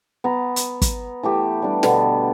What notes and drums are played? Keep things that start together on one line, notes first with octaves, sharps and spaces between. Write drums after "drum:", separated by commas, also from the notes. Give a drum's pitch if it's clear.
B3 A#5
drum: hi-hat
drum: kick, hi-hat
E3 A3 G4
G3 D4
B2 D3 B3, drum: snare